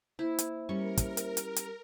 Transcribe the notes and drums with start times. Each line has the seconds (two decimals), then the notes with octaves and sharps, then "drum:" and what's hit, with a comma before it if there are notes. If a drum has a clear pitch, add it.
0.19 A#3 E4 C5 E5
0.39 drum: hi-hat
0.69 G3 C#4 A#4 C#6
0.97 drum: kick, hi-hat
1.17 drum: hi-hat
1.37 drum: hi-hat
1.56 drum: hi-hat